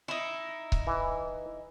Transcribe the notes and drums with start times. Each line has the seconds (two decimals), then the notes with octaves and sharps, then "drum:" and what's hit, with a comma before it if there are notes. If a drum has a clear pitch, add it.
0.08 D#4 E4
0.72 drum: kick C#1
0.87 E3